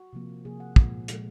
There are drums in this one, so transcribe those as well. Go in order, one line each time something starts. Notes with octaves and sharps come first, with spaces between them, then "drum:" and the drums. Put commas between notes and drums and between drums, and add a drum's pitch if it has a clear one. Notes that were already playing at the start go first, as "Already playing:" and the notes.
Already playing: F#4
C3 F3 A#3
C3 F3 A#3 G#4
F#5
A#2 F3 G#3, drum: kick
A#2 F3 G#3, drum: hi-hat